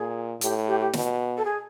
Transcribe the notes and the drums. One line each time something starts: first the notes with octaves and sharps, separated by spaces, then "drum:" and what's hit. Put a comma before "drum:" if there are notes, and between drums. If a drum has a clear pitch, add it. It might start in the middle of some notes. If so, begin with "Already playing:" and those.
Already playing: A#2 G#4
A2 G4, drum: hi-hat
G4
G4
B2, drum: snare
A4
G#4